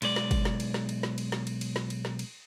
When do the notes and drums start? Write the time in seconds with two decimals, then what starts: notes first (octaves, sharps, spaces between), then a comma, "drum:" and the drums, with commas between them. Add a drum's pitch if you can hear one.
0.02 B1 G#3 D5, drum: cymbal
0.16 drum: snare
0.31 drum: kick, cymbal
0.45 drum: snare
0.60 drum: cymbal
0.74 drum: snare
0.89 drum: cymbal
1.03 drum: snare
1.18 drum: cymbal
1.32 drum: snare
1.47 drum: cymbal
1.61 drum: cymbal
1.76 drum: snare
1.90 drum: cymbal
2.05 drum: snare
2.19 drum: cymbal